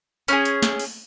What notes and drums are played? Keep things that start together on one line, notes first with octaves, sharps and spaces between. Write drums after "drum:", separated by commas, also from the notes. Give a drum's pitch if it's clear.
C#4 E4 G#4, drum: hi-hat
drum: hi-hat
drum: snare
drum: open hi-hat